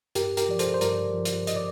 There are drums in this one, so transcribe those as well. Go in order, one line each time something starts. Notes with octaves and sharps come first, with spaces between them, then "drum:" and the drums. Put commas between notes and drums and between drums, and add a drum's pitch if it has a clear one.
G2 G4 A#4, drum: hi-hat
G4 A#4, drum: hi-hat
F3 D5
A4 C5, drum: hi-hat
C5
G2 A#4 D5, drum: hi-hat
F3
drum: hi-hat
D#5, drum: hi-hat
D5